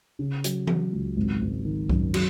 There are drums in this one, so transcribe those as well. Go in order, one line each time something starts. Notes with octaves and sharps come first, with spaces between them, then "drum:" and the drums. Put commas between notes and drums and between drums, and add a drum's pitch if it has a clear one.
C#3
F#3, drum: hi-hat
F#3, drum: tom E3
C#2
G#1
G#1
D#3
F#2, drum: kick C2
F#3, drum: cymbal